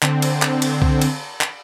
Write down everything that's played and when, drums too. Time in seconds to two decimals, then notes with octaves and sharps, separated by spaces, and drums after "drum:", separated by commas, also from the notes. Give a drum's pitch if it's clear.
0.03 D3 C4, drum: clap
0.22 drum: cymbal
0.42 drum: clap
0.62 drum: cymbal
0.82 drum: kick
1.02 drum: cymbal
1.41 drum: clap